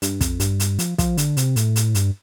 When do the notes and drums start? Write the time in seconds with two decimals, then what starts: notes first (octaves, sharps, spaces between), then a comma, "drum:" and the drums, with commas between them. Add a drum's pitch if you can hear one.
0.02 G2, drum: hi-hat
0.21 F2, drum: kick, hi-hat
0.40 G2, drum: hi-hat
0.60 drum: hi-hat
0.79 F3, drum: hi-hat
0.98 F3, drum: kick, hi-hat
1.17 D3, drum: hi-hat
1.37 C3, drum: hi-hat
1.56 A2, drum: hi-hat
1.76 drum: hi-hat
1.95 G2, drum: hi-hat